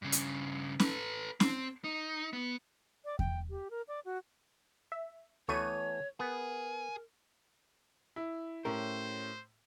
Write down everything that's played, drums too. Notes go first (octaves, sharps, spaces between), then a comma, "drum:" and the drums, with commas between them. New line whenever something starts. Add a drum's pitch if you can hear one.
G2 C#3
drum: hi-hat
A4 B4, drum: snare C#4
C4, drum: snare C#4
D#4
B3
D5
G5, drum: kick E2
G4
A#4
D5
F#4
E5
D2 E3 A3 B3 C#5 C#6 D#7
B3 G#4 A#4
E4
A2 C#4 G4 A#4 C5